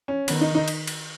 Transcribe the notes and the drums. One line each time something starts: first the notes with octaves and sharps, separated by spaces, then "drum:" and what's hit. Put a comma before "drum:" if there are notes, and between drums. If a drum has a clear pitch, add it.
C#4
D#3 B3, drum: cymbal
D#4
D#4
drum: cymbal
drum: cymbal